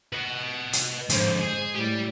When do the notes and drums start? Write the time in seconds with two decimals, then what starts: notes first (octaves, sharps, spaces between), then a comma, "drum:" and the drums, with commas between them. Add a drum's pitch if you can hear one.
0.13 B4 D#5
0.73 drum: hi-hat
1.09 F2 G#2 D3 C5, drum: hi-hat
1.41 G#4
1.75 A2 G4 D5